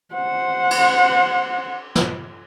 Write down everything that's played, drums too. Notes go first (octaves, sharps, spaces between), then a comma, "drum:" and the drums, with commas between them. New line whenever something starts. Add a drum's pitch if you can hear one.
C5 F#5
drum: cymbal
drum: snare